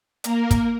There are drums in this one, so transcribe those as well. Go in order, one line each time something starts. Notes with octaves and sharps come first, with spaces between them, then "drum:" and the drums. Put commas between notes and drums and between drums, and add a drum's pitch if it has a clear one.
A#3 A#4, drum: hi-hat
drum: kick, hi-hat